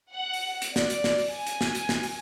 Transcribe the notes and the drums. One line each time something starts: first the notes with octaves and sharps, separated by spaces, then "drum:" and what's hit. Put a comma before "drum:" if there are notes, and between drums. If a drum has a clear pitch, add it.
F#5
drum: open hi-hat
drum: hi-hat
D5, drum: snare
drum: hi-hat
drum: snare
drum: open hi-hat
G#5
drum: hi-hat
drum: snare
drum: hi-hat
drum: snare
drum: open hi-hat